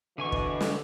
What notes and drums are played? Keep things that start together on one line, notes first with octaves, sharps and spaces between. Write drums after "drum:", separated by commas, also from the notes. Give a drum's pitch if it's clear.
B2 D3 E3 G#5 C#6
drum: kick
drum: snare